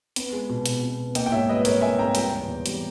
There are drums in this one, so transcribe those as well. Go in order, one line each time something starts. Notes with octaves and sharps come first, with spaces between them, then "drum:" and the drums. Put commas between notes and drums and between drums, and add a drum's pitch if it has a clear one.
B3, drum: hi-hat
G#3
B2
B2, drum: hi-hat
B2
B3
A#3 D#5 G5, drum: hi-hat
G5
G#2 C#5 E5
G3 B4 D#5
D#5
G#2 A#4 C#5, drum: hi-hat
G#2 E5 G#5
G#2 G5 A#5
G3 G5 A#5, drum: hi-hat
E2
E2
G3, drum: hi-hat